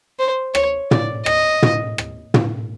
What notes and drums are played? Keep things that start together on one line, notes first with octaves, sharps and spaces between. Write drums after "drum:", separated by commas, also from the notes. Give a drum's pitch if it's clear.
C5
C#5, drum: rim click
D5, drum: tom
D#5, drum: rim click
drum: tom
drum: rim click
drum: tom